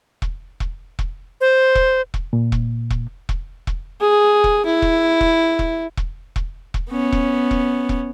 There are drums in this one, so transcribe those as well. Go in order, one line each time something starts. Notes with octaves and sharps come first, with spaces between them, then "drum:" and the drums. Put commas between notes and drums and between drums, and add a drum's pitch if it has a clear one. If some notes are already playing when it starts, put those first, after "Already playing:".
drum: kick E1
drum: kick E1
drum: kick E1
C5
drum: kick E1
drum: kick E1
A#2
drum: kick E1
drum: kick E1
drum: kick E1
drum: kick E1
G#4
drum: kick E1
E4
drum: kick E1
drum: kick E1
drum: kick E1
drum: kick E1
drum: kick E1
drum: kick E1
B3 C#4
drum: kick E1
drum: kick E1
drum: kick E1